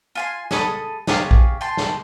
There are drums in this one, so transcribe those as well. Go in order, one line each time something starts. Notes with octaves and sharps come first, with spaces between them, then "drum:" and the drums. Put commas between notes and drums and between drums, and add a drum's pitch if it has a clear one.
F4 G#5 C6
G#4 A4 B5 D#6, drum: snare
C#4 F4 G4 G#4, drum: snare
drum: kick A#1
G5 A5 C6
drum: snare